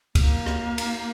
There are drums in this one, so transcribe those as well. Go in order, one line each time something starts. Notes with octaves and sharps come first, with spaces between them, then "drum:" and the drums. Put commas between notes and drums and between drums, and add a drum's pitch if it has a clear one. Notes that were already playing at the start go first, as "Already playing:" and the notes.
A#3, drum: kick C#2, cymbal
drum: rim click
drum: cymbal